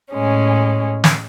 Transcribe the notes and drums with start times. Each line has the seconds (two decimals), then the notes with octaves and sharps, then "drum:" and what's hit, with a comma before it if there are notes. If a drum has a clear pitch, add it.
0.12 A2 G#3 C#4
1.04 drum: snare